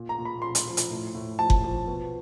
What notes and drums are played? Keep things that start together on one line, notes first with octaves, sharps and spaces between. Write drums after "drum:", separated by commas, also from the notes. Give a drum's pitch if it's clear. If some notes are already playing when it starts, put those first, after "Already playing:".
Already playing: A#2
A#5
A#2
B5
F3 C6
drum: hi-hat
F3
drum: hi-hat
A2
A2
F3 A5
drum: kick F#1
F3
B2